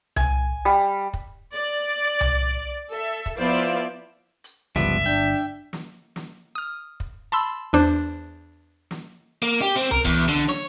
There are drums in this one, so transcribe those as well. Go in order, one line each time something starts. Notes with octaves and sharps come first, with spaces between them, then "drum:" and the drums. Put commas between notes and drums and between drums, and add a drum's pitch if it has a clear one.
G#5, drum: tom C2
G3
drum: kick
D5
drum: tom C2
A4 E5
drum: kick
F3 B3 E4 C5 D5 F5
drum: hi-hat
G1 C#2 F3 G3 B3 E5, drum: snare
G1 D4 G5
drum: snare
drum: snare
D#6 F6
drum: kick
A5 B5 C6 E6
E2 D4 C5
drum: snare
A#3
G4
C4
A#4, drum: tom C2
E2, drum: kick
D3
C#5, drum: snare